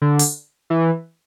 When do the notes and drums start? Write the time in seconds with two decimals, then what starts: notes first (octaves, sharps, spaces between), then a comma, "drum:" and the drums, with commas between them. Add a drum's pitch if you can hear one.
0.02 D3
0.19 drum: open hi-hat
0.70 E3